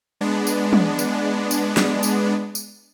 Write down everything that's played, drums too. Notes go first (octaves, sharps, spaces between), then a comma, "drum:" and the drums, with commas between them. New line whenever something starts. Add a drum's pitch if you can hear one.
G#3 B3 D4
drum: tambourine
drum: tom
drum: tambourine
drum: tambourine
drum: snare
drum: tambourine
drum: tambourine